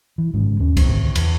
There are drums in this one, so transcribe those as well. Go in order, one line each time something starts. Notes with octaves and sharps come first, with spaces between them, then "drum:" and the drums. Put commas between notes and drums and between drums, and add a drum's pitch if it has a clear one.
E3
G#1 G#2 C#3
D#2 C#4
drum: kick C2, cymbal
G#1 D2 C3 C4
E2, drum: cymbal